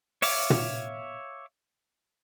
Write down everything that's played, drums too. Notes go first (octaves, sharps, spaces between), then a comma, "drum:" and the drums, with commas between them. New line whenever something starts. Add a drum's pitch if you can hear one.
C#5 E5 F5 D6, drum: open hi-hat
drum: tom